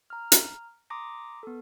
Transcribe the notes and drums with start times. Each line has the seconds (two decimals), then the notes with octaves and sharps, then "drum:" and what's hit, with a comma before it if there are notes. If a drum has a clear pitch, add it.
0.10 A#5 F6
0.32 drum: hi-hat
0.90 A#5 C6 D6 D#6 A#6
1.43 B3 A4